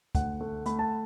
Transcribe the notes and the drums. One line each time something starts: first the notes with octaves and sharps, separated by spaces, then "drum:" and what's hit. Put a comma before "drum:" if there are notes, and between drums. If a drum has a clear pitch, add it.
D2 F#5, drum: kick, hi-hat
A3
A3 B5, drum: hi-hat
A5